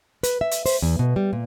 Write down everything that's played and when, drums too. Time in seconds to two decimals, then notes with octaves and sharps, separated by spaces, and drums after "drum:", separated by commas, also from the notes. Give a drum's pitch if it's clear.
0.23 B4, drum: hi-hat
0.41 E5
0.51 drum: hi-hat
0.66 C5, drum: open hi-hat
0.82 E2
0.99 B2
1.16 G3
1.33 A#2